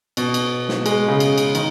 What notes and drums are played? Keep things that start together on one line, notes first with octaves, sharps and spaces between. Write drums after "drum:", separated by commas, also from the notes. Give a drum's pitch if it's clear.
B2, drum: cymbal
drum: cymbal
drum: snare
G#3, drum: cymbal
C#3
drum: cymbal
drum: cymbal
D#3, drum: cymbal